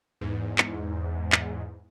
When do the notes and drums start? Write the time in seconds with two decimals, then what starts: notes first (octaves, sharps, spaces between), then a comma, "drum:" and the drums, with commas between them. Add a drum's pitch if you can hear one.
0.21 E2 G#2
0.58 drum: clap
1.32 drum: clap